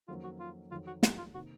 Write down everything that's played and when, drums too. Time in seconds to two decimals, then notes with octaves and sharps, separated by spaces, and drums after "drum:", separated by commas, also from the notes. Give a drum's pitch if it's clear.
0.08 F2 D#3 F#3 A#3 C#4 F4
0.24 F#4
0.40 F4
0.71 F2 D#3 F#3 F4
0.87 F#4
1.03 F4, drum: snare
1.18 F4
1.34 C3 D#3 A#3 D#4 F#4